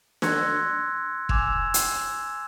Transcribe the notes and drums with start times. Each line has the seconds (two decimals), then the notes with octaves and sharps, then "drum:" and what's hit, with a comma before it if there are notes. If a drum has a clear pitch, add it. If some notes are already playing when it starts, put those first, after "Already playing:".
0.22 C6 E6 F#6 G#6 A#6 C#7, drum: snare
1.29 G#5 D6 E6 G#6 E7 F7, drum: kick
1.74 drum: hi-hat